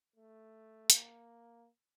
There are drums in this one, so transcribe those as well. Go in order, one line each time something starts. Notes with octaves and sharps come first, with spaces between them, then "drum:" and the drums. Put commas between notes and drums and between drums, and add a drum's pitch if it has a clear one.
A3
A#3, drum: hi-hat